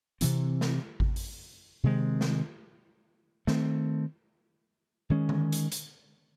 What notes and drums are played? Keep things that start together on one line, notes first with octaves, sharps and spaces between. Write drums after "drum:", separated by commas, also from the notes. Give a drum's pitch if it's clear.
C3 E3 C4, drum: hi-hat
drum: snare
drum: kick G#1
drum: open hi-hat
C3 D#3 G#3 C4
drum: snare
D#3 A3 C4, drum: snare
D#3 G#3 C#4
drum: tom D3
drum: hi-hat
drum: hi-hat